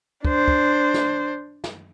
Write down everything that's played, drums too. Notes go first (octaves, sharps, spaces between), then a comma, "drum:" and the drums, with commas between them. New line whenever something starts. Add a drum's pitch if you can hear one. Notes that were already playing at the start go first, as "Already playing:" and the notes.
D4 C5, drum: kick
drum: kick
drum: snare
drum: snare